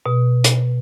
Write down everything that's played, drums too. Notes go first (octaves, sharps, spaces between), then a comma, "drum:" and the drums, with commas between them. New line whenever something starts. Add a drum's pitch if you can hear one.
B2
drum: hi-hat